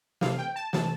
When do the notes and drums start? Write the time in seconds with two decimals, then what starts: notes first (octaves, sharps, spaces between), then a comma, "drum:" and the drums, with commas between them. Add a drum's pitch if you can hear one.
0.21 C3 E3 A3 F5, drum: snare
0.38 G5
0.56 A5
0.73 C3 E3 A3 A5, drum: snare